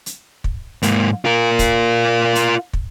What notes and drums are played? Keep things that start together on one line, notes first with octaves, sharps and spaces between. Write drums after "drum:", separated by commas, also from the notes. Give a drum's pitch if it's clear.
drum: hi-hat
drum: kick
G#2 A#3, drum: hi-hat
F4 A#4
drum: kick, hi-hat
drum: hi-hat
drum: kick